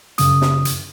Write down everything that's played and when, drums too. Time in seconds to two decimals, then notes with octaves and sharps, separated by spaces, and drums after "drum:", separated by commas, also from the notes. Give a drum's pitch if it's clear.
0.18 F#2 C#3 D#6, drum: hi-hat
0.42 drum: snare
0.65 drum: hi-hat